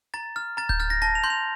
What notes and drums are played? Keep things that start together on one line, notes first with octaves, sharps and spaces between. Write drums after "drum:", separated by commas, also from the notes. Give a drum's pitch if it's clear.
A#5 A6
F6
A#5 A6
G6, drum: kick D1
F6 A6
A#6
A5 A#6
F7
C6 G6
F7